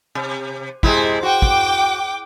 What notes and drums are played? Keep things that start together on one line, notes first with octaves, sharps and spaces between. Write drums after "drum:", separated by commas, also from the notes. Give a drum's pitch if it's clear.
C3
C3 G#3 E4, drum: kick
F#4 G5 D6
drum: kick